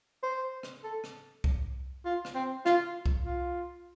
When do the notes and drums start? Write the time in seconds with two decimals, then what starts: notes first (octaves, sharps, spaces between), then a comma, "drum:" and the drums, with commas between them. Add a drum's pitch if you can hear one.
0.23 C5
0.63 drum: rim click
0.84 A4
1.04 drum: rim click
1.44 drum: kick C2
2.05 F4
2.25 drum: rim click
2.35 C4
2.66 F4, drum: rim click
3.06 drum: kick C2
3.25 F4